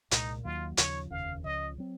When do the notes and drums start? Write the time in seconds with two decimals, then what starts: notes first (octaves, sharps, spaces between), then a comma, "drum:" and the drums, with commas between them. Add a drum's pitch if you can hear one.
0.11 C2 A#2 G#3 D#4, drum: hi-hat
0.44 D#2 D#3 F#3 A#3 F4
0.77 D#2 C#3 F3 C#5, drum: hi-hat
1.10 F1 D#2 C#3 F5
1.43 C#2 C#3 F3 D#5
1.78 F#3 C4